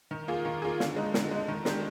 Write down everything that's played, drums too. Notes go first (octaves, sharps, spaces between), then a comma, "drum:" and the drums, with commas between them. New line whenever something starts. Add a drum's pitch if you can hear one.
D#3
A#3 F4 G#4
D#3
A#3 F4 G#4
D3, drum: snare
G#3 D#4
D3, drum: snare
G#3 D#4
D#3
G#3 D4 G4, drum: snare